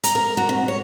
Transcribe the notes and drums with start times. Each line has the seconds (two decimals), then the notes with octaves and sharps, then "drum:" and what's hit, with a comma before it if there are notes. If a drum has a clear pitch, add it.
0.04 A#5, drum: hi-hat
0.15 A#4
0.37 F#4
0.49 C3
0.68 C#5